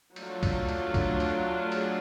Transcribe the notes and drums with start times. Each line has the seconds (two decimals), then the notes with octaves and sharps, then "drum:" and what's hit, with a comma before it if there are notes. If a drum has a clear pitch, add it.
0.16 F#3 A3 D4 F4 A4, drum: cymbal
0.43 drum: kick C2, cymbal
0.69 drum: cymbal
0.94 drum: kick C2, cymbal
1.20 drum: cymbal
1.72 G#4, drum: cymbal